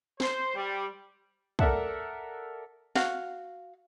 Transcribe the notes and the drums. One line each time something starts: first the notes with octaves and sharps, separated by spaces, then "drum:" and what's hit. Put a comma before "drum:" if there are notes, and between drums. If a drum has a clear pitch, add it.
C5, drum: snare
G3
A4 A#4 D5 E5 F#5 A5, drum: kick
F#4 F5, drum: snare